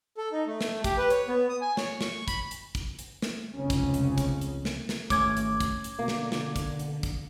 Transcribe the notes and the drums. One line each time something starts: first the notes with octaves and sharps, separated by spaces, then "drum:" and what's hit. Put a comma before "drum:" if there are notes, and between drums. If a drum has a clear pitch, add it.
A4
D#4
A3
drum: snare
G4, drum: kick, hi-hat
B4
C#5, drum: hi-hat
B3
D#6
G#5
C#5, drum: snare
C#6, drum: snare
B5, drum: kick, hi-hat
drum: hi-hat
drum: kick, hi-hat
drum: hi-hat
drum: snare
F1 C#2 C#3 C#4
drum: kick, hi-hat
drum: hi-hat
drum: kick, hi-hat
drum: hi-hat
drum: snare
drum: snare
G#1 A3 C#4 D6 G#6, drum: kick, hi-hat
drum: hi-hat
drum: kick, hi-hat
drum: hi-hat
B2 D3 A#3
drum: snare
drum: snare
drum: kick, hi-hat
drum: hi-hat
drum: kick, hi-hat